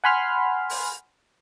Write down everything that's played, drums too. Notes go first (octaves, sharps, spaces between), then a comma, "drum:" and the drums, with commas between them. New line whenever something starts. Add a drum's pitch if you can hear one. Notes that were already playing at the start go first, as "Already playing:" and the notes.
F#5 G#5 B5 C6 F6
drum: open hi-hat